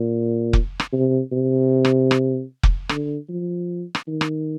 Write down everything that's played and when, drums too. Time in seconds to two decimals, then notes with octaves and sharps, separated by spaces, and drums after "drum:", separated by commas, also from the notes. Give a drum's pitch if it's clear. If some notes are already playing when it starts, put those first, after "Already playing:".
Already playing: A#2
0.53 drum: kick F1
0.80 drum: rim click
0.93 C3
1.32 C3
1.85 drum: rim click
2.11 drum: rim click
2.63 drum: kick F1
2.89 D3, drum: rim click
3.29 F3
3.95 drum: rim click
4.08 D#3
4.21 drum: rim click